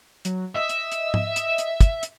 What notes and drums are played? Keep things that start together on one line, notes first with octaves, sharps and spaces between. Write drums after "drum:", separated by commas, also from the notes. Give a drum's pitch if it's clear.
F#3, drum: hi-hat
D#5 E5
drum: hi-hat
drum: hi-hat
drum: tom G#2
drum: hi-hat
drum: hi-hat
drum: kick, hi-hat
drum: hi-hat